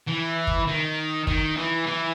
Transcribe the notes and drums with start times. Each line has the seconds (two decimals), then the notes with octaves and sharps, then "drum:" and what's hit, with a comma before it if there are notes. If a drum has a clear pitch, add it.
0.07 E3
0.47 drum: kick
0.67 D#3
1.27 D#3, drum: kick
1.57 E3
1.86 E3